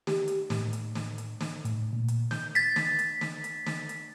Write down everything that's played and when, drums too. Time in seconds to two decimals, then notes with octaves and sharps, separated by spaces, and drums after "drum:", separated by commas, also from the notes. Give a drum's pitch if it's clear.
0.07 G4, drum: snare
0.28 drum: hi-hat
0.50 A2, drum: snare
0.73 drum: hi-hat
0.95 drum: snare
1.18 drum: hi-hat
1.41 drum: snare
1.65 A2, drum: hi-hat
1.93 A#2
2.08 drum: hi-hat
2.31 G6, drum: snare
2.55 A6 B6, drum: hi-hat
2.76 drum: snare
2.99 drum: hi-hat
3.21 drum: snare
3.44 drum: hi-hat
3.67 drum: snare
3.89 drum: hi-hat